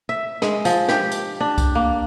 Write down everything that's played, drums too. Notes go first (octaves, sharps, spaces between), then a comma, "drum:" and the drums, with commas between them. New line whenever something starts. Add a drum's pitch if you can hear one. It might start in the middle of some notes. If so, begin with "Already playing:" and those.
E5
G#3, drum: snare
F3, drum: tambourine
G4, drum: snare
drum: tambourine
D4
drum: kick C2, tambourine
A#3